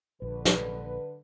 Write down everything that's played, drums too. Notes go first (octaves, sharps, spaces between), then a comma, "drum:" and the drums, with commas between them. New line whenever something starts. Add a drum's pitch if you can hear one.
A#1 D3 B4
drum: snare